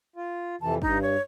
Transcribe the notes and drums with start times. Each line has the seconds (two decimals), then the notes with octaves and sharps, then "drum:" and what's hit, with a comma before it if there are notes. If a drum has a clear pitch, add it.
0.16 F4
0.61 F2 C3 E3 A5
0.82 G2 D#4, drum: kick F#1
1.02 C#5